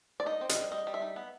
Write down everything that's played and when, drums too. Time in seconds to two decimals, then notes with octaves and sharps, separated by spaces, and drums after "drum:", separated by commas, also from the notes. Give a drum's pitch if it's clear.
0.20 D5
0.26 D#4 D#5
0.41 C4
0.49 D#5, drum: hi-hat
0.57 G3
0.72 G3 D#5
0.87 G3
0.94 E5
1.02 D#4
1.16 B3